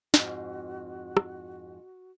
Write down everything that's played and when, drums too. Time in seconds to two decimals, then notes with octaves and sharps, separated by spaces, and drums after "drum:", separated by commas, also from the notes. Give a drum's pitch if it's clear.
0.14 F2 G#2 F#4, drum: snare
1.17 drum: rim click